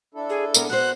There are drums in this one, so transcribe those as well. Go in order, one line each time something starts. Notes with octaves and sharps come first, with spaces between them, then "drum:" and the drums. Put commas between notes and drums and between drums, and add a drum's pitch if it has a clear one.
D4 E4 A4
G#4
A#3 B3 A#4, drum: tambourine
B3 F#4 C5 F#6